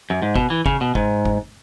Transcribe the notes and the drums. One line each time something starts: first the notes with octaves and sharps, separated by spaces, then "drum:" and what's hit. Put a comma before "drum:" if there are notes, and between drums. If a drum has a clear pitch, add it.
F#2
G#2
B2, drum: kick
E3
C#3, drum: kick
B2
G#2, drum: kick
drum: kick